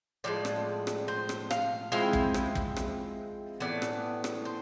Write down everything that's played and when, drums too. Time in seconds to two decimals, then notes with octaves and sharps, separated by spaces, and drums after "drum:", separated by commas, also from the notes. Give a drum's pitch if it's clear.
0.24 A2 F3 G#3 D5
0.45 drum: rim click
0.87 drum: rim click
1.08 C5
1.29 drum: rim click
1.51 F5, drum: rim click
1.92 F3 G#3 C4 E4 F5
2.13 drum: kick
2.34 drum: rim click
2.55 drum: kick
2.76 drum: rim click
3.60 A2 E3 B3 D5
3.82 drum: rim click
4.24 drum: rim click
4.45 C5